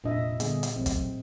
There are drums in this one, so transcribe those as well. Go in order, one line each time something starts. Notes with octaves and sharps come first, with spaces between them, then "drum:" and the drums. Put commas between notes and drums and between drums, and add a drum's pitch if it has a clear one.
F1 A#2 D4 D#5 E5
D3 G3 B3 G#4, drum: hi-hat
drum: hi-hat
A1 F#3 C4
drum: kick, hi-hat